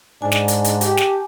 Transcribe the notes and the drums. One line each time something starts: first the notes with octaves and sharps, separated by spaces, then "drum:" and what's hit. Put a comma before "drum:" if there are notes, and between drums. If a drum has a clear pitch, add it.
G#2 D4 G#5 A5
drum: snare
drum: hi-hat
drum: hi-hat
G4, drum: hi-hat
drum: snare